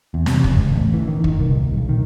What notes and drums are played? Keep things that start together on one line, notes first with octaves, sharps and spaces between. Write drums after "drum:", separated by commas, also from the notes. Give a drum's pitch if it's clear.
E2
C3, drum: snare
F1, drum: kick
C#2
A1
E3
D#3
D#3, drum: kick
C2
D#1
B1
D#3